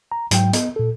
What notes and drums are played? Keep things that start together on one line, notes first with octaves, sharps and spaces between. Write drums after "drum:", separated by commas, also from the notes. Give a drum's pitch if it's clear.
A#5
G#2 F#3 G5, drum: hi-hat
B3 D#5, drum: hi-hat
A#2 A4